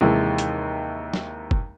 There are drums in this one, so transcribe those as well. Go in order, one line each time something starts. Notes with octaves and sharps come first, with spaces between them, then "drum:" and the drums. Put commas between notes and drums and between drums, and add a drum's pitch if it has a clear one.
D#2 C3 E3 G#3
drum: hi-hat
drum: snare
drum: kick